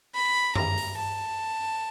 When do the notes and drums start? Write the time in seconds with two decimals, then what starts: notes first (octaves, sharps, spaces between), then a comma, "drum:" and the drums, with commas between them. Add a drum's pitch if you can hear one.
0.15 B5
0.55 A#5, drum: tom F#2
0.77 drum: open hi-hat
0.97 A5